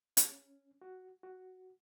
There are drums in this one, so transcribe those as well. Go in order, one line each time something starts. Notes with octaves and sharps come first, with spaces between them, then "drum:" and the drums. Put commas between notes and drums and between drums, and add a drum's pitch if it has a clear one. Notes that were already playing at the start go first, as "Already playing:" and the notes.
C#4, drum: hi-hat
F#4
F#4